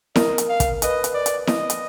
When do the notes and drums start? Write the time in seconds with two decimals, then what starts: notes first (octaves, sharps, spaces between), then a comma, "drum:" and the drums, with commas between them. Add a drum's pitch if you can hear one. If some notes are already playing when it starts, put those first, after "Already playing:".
0.16 A#4 D#5, drum: snare E4
0.38 drum: hi-hat
0.49 F5
0.60 drum: kick, hi-hat
0.82 B4 D#5, drum: hi-hat
1.04 drum: hi-hat
1.14 D5
1.26 drum: hi-hat
1.47 D#5, drum: snare E4
1.70 drum: hi-hat